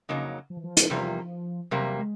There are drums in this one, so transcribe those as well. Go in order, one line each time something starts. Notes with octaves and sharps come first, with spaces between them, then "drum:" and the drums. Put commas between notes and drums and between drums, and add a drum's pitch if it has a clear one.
F2 C#3 F#3 A#3 D#4
F3
E3
F3
drum: hi-hat
E2 C3 G3 A#3
E2 C3 F#3 G3 A#3
G#3